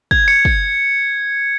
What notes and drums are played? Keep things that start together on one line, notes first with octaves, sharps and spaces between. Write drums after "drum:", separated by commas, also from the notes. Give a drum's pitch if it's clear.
G#6, drum: kick
C#7
drum: kick